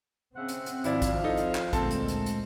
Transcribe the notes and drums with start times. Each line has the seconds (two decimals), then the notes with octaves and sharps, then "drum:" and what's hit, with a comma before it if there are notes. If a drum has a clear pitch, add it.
0.35 C#3 C4 E5 F#5
0.48 drum: hi-hat
0.66 drum: hi-hat
0.84 G#1 F3 E4 D5 F5, drum: hi-hat
1.02 drum: kick A1, hi-hat
1.24 D#4 A4
1.37 drum: hi-hat
1.55 drum: clap
1.73 D2 A#2 G#3 C4 A4 A5, drum: kick A1, hi-hat
1.91 drum: hi-hat
2.08 drum: hi-hat
2.26 drum: hi-hat